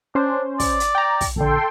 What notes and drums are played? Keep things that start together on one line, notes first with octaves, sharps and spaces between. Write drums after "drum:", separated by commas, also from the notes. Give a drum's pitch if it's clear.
C#4 D4 C5
D5, drum: kick, open hi-hat
drum: hi-hat
G5 A#5
drum: kick, open hi-hat
A#1 D3 A4 G5 C6